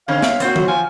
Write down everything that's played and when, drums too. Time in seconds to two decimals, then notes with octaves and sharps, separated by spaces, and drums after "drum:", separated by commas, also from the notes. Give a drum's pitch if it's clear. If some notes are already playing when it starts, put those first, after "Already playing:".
0.08 D3 C4 C#4 F5
0.22 B3 E5, drum: snare
0.40 A#3 C4 F#4 C5, drum: hi-hat
0.56 F#3, drum: tom D#3
0.68 F3 G#5